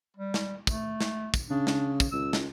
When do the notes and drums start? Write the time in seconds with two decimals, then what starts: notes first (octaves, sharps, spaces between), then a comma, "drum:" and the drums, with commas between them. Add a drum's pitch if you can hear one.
0.17 G3
0.34 drum: snare
0.67 A3, drum: kick, tambourine
1.00 drum: snare
1.34 drum: kick, tambourine
1.50 C#3 D4
1.67 drum: snare
2.00 drum: kick, tambourine
2.12 C#2 E6
2.33 drum: snare